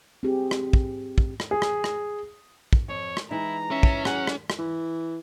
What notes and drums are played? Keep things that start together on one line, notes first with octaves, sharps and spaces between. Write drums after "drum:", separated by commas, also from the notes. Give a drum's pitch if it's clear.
C4 G4 G#4
drum: rim click
drum: kick
drum: kick
drum: rim click
G#4
drum: rim click
drum: rim click
drum: kick
F2 C#5
drum: rim click
E3 G#3 D#4 E4 A#5
C#4 E5
drum: kick
F#3 G#4 F#5, drum: rim click
drum: rim click
drum: rim click
E3